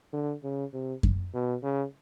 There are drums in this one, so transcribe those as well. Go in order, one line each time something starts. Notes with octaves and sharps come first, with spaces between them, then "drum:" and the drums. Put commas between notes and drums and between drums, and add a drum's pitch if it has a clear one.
D3
C#3
C3
drum: kick F#2
B2
C#3